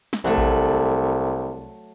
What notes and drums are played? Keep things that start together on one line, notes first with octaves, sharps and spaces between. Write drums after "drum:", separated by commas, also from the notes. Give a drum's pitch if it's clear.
drum: snare
C2 F#3 A3
drum: kick A#1